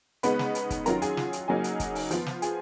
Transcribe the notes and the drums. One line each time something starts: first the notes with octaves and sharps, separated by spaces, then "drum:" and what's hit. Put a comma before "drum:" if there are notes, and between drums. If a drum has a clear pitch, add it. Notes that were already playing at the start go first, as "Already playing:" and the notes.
C#3 G#3 B3 D#4 B4 B5, drum: hi-hat
drum: snare
drum: hi-hat
drum: kick, hi-hat
D#3 F#3 C#4 F4 A#4 A#5, drum: hi-hat
G#4 G#5, drum: hi-hat
drum: snare
drum: hi-hat
C#3 F#3 A#3 D#4 G#4 G#5
drum: hi-hat
drum: kick, hi-hat
drum: open hi-hat
F3 B3 F4, drum: hi-hat
drum: snare
G#4 G#5, drum: hi-hat